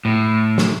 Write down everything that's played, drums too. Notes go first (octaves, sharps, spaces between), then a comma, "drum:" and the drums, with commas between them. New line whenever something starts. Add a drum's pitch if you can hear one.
A2
drum: snare